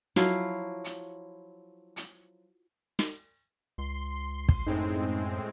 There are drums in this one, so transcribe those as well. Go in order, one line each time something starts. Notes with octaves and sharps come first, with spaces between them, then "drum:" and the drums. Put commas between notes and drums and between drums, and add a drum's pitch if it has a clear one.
F3 F#3 E4 F5, drum: snare
drum: hi-hat
drum: hi-hat
drum: snare
C#2 C6
drum: kick
F#2 A2 G#3 C4 D#4